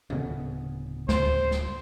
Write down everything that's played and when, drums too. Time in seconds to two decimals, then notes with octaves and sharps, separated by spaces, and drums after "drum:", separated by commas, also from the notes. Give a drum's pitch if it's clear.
0.10 D1 C#3 B3, drum: tom
1.09 D2 C5, drum: snare
1.51 drum: snare